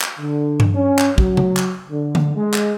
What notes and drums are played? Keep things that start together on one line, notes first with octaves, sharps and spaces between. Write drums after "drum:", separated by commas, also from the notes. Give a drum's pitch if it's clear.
drum: clap
D3
drum: tom G2
C#4
drum: clap
F#3, drum: kick
drum: tom C#3
drum: clap
D3
drum: tom D3
G#3
drum: clap